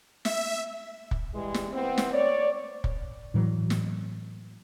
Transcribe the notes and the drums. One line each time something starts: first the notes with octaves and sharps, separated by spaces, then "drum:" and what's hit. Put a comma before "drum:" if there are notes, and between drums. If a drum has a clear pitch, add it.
E5, drum: snare
drum: kick
E3 G3 G#3
drum: snare
E3 B3 C4
drum: snare
C#5 D5
drum: kick
A2 E3 F#3
drum: snare